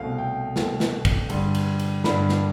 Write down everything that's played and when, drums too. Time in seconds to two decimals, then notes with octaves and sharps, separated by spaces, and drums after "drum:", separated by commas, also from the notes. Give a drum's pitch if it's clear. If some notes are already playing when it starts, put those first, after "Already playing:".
Already playing: C2 B2 A3 C4 F5
0.18 G5
0.56 C2 B2 A3 C4, drum: snare
0.80 drum: snare
1.05 drum: kick, cymbal
1.30 G2 D3 G3 D4 C6, drum: cymbal
1.55 drum: cymbal
1.79 drum: cymbal
2.04 G2 D3 G3 D4 B5, drum: snare
2.29 drum: snare